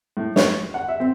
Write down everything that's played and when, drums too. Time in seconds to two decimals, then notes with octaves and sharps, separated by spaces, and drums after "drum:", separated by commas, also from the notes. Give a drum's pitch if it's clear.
0.17 A2
0.36 C#5, drum: snare
0.74 F#5
0.88 E5
1.00 C4